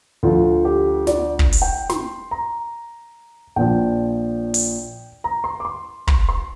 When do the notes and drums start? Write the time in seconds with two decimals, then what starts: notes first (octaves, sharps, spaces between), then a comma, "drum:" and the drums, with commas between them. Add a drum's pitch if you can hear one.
0.23 D2 D3 F3 F4
0.65 G4
1.07 D5, drum: snare
1.39 drum: kick
1.52 drum: open hi-hat
1.62 G5
1.90 C6, drum: snare
2.31 A#5
3.56 A#1 A#2 F3 G5
4.54 drum: open hi-hat
5.24 A#5
5.44 C6
5.60 D6
5.65 C6
6.07 C6, drum: kick
6.29 C6